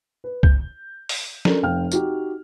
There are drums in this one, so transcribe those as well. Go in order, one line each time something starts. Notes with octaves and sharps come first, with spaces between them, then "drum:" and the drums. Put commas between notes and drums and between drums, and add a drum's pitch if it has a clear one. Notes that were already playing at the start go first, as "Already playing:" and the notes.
B4
G6, drum: kick C2
drum: open hi-hat
C#4 D4 A4 A#4, drum: snare
F1 F5 G5 F6
D#4 F#4 G4, drum: tambourine